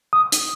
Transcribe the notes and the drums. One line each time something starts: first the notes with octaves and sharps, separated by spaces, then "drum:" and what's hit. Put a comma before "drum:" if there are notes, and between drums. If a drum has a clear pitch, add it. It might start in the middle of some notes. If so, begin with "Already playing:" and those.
D#6
drum: hi-hat